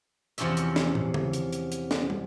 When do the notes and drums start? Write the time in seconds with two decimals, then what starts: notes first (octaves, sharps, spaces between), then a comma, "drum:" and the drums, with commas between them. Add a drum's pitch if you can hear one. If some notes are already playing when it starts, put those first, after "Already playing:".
0.38 E2 C3 F3 C#4 D5 E5, drum: hi-hat
0.57 drum: hi-hat
0.76 drum: snare
0.95 drum: tom
1.14 drum: tom C#3
1.33 drum: hi-hat
1.53 drum: hi-hat
1.72 drum: hi-hat
1.91 drum: snare
2.10 drum: tom